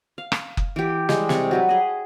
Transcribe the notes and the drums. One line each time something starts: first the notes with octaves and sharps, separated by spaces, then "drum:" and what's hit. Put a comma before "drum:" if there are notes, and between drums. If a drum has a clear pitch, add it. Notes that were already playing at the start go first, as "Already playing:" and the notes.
F5
drum: rim click
drum: kick F#1
E3 G4
G3 G#3, drum: snare
C3 C#6, drum: snare
F#3 G3 B4
G#4 D#5